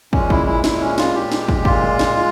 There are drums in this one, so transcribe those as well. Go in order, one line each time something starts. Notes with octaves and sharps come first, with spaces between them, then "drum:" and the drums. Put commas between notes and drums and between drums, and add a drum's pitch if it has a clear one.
A#2 G#3 C#4, drum: kick
E4, drum: kick
E4
A#2 G#3 E4, drum: snare
C#4
F4, drum: snare
A#2 G#3 G4
drum: snare
drum: kick
A#2 G#3 F4, drum: kick
drum: snare
G#3